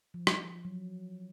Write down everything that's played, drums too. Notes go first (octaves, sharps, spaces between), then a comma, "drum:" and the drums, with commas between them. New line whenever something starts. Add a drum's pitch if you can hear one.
F3
drum: rim click
F#3